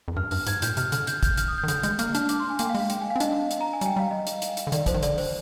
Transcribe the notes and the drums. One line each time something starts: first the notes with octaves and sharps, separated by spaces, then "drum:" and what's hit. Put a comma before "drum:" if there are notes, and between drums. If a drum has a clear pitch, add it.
F2
G2 F6
G2 F6, drum: open hi-hat
G#2 G#6, drum: hi-hat
A#2 G6, drum: hi-hat
C3 F6, drum: hi-hat
D3 F6, drum: hi-hat
G6, drum: hi-hat
G6, drum: kick, hi-hat
F6, drum: hi-hat
D#6
G6
D#3
D3 G6, drum: hi-hat
G#3 G6, drum: hi-hat
A#3 F6, drum: hi-hat
D4 F6, drum: hi-hat
D6, drum: hi-hat
C6
G#5
A#3 G5, drum: hi-hat
F5
G#3, drum: open hi-hat
F5
G5, drum: hi-hat
G#5
F5
C4
D4 D#5, drum: hi-hat
drum: hi-hat
A#5
G#5
G3 G5, drum: hi-hat
G3 F5
D#5
drum: hi-hat
drum: hi-hat
drum: hi-hat
D3
D#3 D5, drum: hi-hat
F3 C5, drum: kick, hi-hat
D#3
D3 D5, drum: hi-hat
C5, drum: open hi-hat